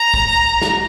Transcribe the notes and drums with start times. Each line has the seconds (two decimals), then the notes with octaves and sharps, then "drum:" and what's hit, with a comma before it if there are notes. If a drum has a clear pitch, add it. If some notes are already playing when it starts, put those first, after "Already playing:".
Already playing: A#5
0.14 drum: kick
0.62 drum: snare